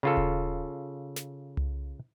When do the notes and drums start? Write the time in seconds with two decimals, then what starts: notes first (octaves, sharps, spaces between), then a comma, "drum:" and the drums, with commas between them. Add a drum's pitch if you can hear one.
0.03 C#3 F4 A4
0.17 drum: kick D#1
1.16 drum: snare
1.57 drum: tom C2